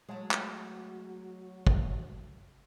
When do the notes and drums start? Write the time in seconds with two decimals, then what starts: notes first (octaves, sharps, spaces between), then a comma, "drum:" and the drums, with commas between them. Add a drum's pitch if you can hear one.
0.09 F#3 G#3 A3
0.31 drum: clap
1.67 drum: kick